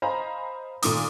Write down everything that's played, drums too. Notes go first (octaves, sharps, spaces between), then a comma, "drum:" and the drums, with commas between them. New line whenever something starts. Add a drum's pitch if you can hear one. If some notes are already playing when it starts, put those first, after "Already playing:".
C5 D#5 F5 G#5 A#5 B5
A#2 D#3 A3 D6 D#6, drum: open hi-hat